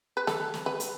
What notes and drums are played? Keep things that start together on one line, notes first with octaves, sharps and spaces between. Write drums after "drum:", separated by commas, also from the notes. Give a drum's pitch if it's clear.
B4
A4, drum: snare
drum: snare
B4
drum: hi-hat